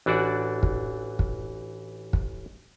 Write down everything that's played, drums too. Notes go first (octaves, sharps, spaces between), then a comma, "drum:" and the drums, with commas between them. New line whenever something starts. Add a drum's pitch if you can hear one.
A1 E3 D4 F#4 D5
drum: kick
drum: kick
drum: kick